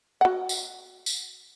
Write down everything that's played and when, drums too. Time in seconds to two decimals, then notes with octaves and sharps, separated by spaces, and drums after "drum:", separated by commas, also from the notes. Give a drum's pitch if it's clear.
0.21 F#4 F#5
0.49 drum: tambourine
1.06 drum: tambourine